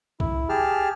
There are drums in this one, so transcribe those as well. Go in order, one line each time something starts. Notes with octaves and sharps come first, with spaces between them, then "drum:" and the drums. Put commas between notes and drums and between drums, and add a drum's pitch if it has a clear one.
E4, drum: kick C2
G4 G#4 A5 F6